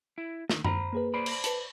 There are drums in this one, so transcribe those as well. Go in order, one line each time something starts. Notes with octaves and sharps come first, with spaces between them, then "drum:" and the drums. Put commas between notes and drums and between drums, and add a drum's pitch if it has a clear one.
E4
D3 D#3, drum: snare
C5 A#5 B5, drum: tom F#2
A#3 G#4 B4
C5 D5 B5
drum: cymbal
B4 A5, drum: hi-hat